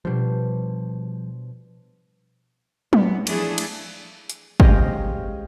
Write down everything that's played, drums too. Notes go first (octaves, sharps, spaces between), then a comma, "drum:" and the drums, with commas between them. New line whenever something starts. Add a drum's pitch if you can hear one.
B2 F3 G3 D4 C5
A#2 B3, drum: tom F#3
E3 F3 A3 D4 E4 G#4, drum: cymbal
drum: cymbal
drum: hi-hat
G#3 C#4 G4 C5 D#5 F5, drum: kick